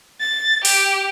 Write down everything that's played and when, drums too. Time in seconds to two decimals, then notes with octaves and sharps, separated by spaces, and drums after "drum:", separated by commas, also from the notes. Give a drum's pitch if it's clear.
0.21 A6
0.65 G4, drum: open hi-hat